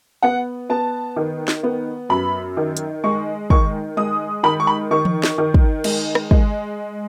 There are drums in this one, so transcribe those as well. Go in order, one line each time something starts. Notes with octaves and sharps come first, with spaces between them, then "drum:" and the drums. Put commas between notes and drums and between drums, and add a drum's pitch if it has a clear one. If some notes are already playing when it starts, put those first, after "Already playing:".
B3 F#5
B3 A5
D#3
drum: snare
B3
F#2 B5
D#3
drum: hi-hat
G#3 C#6
D#3 C#6, drum: kick
G#3 D#6
D#3 B5
C#6
B5
D#3 C#6
drum: tom E3
drum: snare
D#3
drum: kick
G#3, drum: cymbal
drum: rim click
G#3, drum: kick